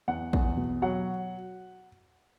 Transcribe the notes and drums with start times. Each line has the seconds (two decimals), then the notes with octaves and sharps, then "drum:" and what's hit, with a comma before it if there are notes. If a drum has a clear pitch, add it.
0.08 E2 F#5
0.33 E2, drum: kick
0.57 B2
0.82 F#3 F#5